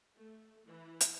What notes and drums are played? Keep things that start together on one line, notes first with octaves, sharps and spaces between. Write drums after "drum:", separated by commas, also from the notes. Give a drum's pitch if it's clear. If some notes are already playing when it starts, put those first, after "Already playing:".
A3
E3
drum: hi-hat